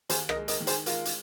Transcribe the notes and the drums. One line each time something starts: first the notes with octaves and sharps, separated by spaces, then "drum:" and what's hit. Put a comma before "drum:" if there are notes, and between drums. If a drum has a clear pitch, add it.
D#2 G#4 C5, drum: hi-hat
A#4 D#5, drum: rim click
G#3
A#4 D#5, drum: hi-hat
D#3
G#4 C5, drum: hi-hat
G#3 F4 A#4, drum: hi-hat
drum: hi-hat